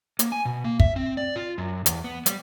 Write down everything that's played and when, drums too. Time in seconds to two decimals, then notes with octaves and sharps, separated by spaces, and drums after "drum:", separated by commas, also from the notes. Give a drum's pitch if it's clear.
0.19 A#3, drum: hi-hat
0.32 G#5
0.45 B2
0.64 A#3
0.80 E5, drum: kick
0.96 C4
1.17 D5
1.36 F4
1.58 F#2
1.86 E2, drum: hi-hat
2.04 B3
2.26 G3, drum: hi-hat